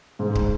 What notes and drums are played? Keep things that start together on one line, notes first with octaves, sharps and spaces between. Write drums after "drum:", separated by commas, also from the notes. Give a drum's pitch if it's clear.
G#2
drum: kick